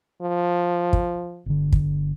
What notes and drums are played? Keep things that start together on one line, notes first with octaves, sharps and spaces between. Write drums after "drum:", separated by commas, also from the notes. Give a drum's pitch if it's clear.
F3
drum: kick
G1 D3
drum: kick